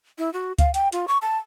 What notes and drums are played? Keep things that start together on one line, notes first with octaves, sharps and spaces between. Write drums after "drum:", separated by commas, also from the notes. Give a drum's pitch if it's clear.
E4
F#4
F5, drum: kick C#2, hi-hat
G5, drum: hi-hat
F4, drum: hi-hat
C#6
A5